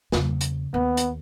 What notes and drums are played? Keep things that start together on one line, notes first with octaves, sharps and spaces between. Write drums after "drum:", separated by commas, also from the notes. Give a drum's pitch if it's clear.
E2 C#3, drum: snare
drum: hi-hat
D#2 B3
drum: hi-hat